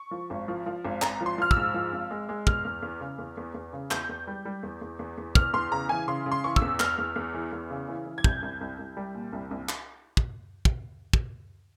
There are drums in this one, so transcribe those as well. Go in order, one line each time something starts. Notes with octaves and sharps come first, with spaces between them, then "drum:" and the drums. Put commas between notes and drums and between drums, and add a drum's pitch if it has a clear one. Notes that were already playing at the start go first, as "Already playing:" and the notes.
Already playing: C#6
F3
G#1
F3
F3
G#1
G#1 A#5, drum: clap
F3
C6
F3 F6
E6, drum: kick
G#2
F3
G#1
G#3
G#3
E2 F6, drum: kick
E2
E2
C#3
E2
E2
E2
C#3
E2 G6, drum: clap
E2
G3
G3
E2
E2
E2
E2
E2 F6, drum: kick
E2 C6
C#3 A#5
E3 G#5
C#3 C6
C#3
C6
E3 C#6
E6, drum: kick
E2
E2 F6, drum: clap
E2
E2
E3
E2
C#3
E3
E3
G#6
C2 G6, drum: kick
C2
C2
C2
G3
A#2
C2
C2
drum: clap
drum: kick
drum: kick
drum: kick